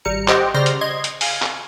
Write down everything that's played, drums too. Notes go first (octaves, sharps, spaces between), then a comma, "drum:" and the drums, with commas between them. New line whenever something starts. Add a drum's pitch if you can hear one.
G#1 G3 A#5 C#7
G4 C5 D#5 F#5 G5, drum: clap
C#3 C5 D5 C6 F6 A#6
drum: hi-hat
D#5 C6 G#6
drum: hi-hat
F5 G#5, drum: open hi-hat
drum: clap